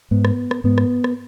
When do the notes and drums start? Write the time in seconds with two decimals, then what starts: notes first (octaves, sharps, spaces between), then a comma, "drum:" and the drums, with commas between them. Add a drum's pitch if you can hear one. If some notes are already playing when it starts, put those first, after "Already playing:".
0.11 G#2 B3
0.25 drum: rim click
0.51 drum: rim click
0.64 G#2 B3
0.78 drum: rim click
1.04 drum: rim click